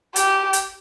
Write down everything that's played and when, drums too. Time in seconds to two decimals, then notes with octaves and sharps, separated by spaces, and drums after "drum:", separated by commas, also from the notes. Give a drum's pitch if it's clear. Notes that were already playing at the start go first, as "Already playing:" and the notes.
0.16 G4, drum: hi-hat
0.53 drum: hi-hat